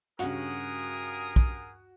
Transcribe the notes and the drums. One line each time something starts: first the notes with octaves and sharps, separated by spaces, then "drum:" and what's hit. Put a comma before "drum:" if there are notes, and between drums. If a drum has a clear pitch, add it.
G2 C#3 F#4 G#4 A#4 D#6, drum: hi-hat
drum: kick